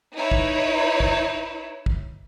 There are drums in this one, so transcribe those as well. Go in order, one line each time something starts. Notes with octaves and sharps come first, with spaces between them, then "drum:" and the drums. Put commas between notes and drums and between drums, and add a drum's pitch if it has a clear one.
D#4 E4 B4 C#5
drum: kick
drum: kick
drum: kick